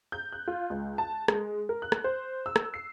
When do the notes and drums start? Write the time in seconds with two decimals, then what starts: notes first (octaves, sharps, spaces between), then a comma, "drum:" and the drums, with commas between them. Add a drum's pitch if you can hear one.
0.12 G6
0.33 F#6
0.48 F4
0.70 C#2
0.98 A5
1.28 G#3, drum: rim click
1.69 A#4
1.82 F#6
1.92 drum: rim click
2.04 C5
2.46 E6
2.56 drum: rim click
2.74 C7